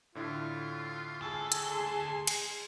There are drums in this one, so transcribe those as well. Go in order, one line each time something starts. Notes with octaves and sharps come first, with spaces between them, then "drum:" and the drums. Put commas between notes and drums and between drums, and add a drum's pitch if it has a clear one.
A2 D3 E4 F4
D2 G#4 A4
drum: hi-hat
C6
drum: cymbal